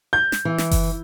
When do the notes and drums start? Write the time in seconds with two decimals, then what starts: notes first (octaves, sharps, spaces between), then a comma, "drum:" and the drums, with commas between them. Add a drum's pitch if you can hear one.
0.13 G6
0.32 drum: snare
0.45 E3
0.58 drum: snare
0.71 drum: kick F#1, open hi-hat